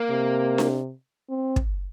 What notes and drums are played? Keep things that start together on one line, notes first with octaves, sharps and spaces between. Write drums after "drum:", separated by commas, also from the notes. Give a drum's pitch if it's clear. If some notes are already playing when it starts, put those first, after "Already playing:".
Already playing: A#3
C3
drum: snare D4
C4
drum: kick